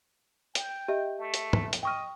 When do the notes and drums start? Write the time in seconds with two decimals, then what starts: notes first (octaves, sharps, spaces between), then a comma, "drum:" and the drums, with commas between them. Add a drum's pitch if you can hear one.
0.55 G5, drum: hi-hat
0.88 G4 D#5 E5
1.19 A3
1.34 drum: hi-hat
1.53 drum: tom
1.73 drum: hi-hat
1.83 D#5 G5 C#6 F6